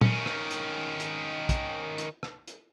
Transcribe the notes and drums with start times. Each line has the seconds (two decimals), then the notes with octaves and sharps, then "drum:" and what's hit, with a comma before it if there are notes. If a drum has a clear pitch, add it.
0.01 D#3 C#4, drum: tom A#2
0.26 drum: rim click
0.51 drum: hi-hat
1.00 drum: hi-hat
1.49 drum: kick, hi-hat
1.98 drum: hi-hat
2.23 drum: rim click
2.47 drum: hi-hat